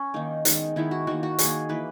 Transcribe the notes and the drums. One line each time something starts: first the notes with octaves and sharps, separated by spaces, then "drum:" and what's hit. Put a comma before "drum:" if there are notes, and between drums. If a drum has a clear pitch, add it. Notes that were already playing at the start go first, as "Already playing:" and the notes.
Already playing: C#4
D#3 A#3 D#4
D#3 G#3 B3, drum: hi-hat
D#3 G#3 B3 E4
F#4
D#3 A#3 F#4
F#4
D#3 A#3 G#4, drum: hi-hat
E3 A#3 B4